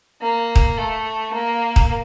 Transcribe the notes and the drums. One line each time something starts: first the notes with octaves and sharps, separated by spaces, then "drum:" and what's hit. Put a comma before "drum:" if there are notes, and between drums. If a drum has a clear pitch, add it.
A#3
drum: kick D#1
A3
A#3
drum: kick D#1